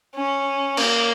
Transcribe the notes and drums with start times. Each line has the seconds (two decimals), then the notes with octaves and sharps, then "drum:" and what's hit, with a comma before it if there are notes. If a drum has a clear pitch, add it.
0.15 C#4
0.77 A#3, drum: cymbal